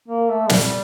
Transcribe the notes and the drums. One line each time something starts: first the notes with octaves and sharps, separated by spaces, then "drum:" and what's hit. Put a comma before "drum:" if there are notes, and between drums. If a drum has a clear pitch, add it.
A#3
A3
G3, drum: snare